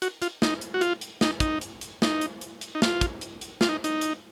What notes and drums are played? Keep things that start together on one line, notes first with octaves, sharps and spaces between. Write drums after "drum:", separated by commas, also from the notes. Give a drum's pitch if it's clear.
F#4, drum: hi-hat
F4, drum: hi-hat
D#4, drum: snare
drum: hi-hat
F#4
F4, drum: hi-hat
drum: hi-hat
D#4, drum: snare
D#4, drum: kick, hi-hat
drum: hi-hat
drum: hi-hat
D#4, drum: snare
drum: hi-hat
drum: hi-hat
drum: hi-hat
D#4
F4, drum: snare
drum: kick, hi-hat
drum: hi-hat
drum: hi-hat
F4, drum: snare
D#4
D#4, drum: hi-hat
drum: hi-hat